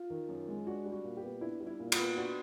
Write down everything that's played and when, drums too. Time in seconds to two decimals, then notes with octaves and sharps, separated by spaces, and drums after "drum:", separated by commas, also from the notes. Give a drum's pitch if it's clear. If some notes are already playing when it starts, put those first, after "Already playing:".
Already playing: F4
0.10 D#3
0.29 F#2
0.48 G#3
0.67 D4 F#4
0.86 G3
0.92 F#4
1.04 A#2
1.17 G4
1.23 B3
1.41 D4 E4
1.60 G3
1.66 E4
1.79 A#2
1.92 F4, drum: cymbal
1.98 B3
2.17 D4 F#4